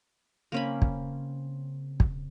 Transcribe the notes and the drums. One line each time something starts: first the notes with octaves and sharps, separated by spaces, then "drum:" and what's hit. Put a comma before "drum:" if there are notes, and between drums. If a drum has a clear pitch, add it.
C#3 A#3 C4 C#4 B5
drum: kick
drum: kick